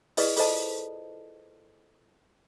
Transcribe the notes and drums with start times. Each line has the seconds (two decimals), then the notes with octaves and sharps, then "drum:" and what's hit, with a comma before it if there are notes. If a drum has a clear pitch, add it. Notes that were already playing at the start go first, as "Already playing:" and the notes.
0.17 E4 G#4 B4 D5 D#5 D#6, drum: open hi-hat
0.37 F4 A4 C5 D#5 A5, drum: open hi-hat